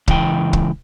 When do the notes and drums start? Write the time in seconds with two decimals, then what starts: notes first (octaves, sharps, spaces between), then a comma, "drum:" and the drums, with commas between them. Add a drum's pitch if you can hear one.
0.08 C#2 E3 G5, drum: kick
0.53 drum: kick